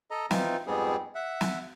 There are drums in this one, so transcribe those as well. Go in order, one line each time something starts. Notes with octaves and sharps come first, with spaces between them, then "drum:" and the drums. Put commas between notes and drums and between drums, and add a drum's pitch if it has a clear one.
A4 D#5 A#5
E3 C4 D#4 F4, drum: snare
F2 G#2 G3 B3 C4 G#4
E5 F#5
drum: snare